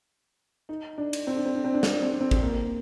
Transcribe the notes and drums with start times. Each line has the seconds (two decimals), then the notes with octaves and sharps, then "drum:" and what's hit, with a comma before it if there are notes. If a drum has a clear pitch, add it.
0.69 D#4
0.98 D4
1.13 drum: cymbal
1.27 C4
1.36 D4
1.46 C4
1.55 D4
1.64 C4
1.74 D4
1.83 C4, drum: snare
1.93 D4
2.02 C4
2.12 D4
2.21 C4
2.31 drum: kick
2.42 A#3